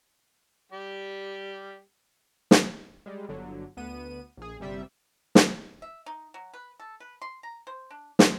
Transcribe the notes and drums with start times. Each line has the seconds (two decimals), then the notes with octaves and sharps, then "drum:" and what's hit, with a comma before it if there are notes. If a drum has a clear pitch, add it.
0.72 G3 G4
2.51 drum: snare
3.06 G3 G#3
3.29 G1 D3 F#3
3.77 D2 B3 D#7
4.37 A#1 G#4
4.60 G1 C3 G3 E5
5.35 drum: snare
5.82 E5
6.06 D#4
6.34 F#3
6.54 B4
6.80 A4
7.00 B4
7.22 C6
7.43 A#5
7.67 C5
7.90 D4
8.19 C4, drum: snare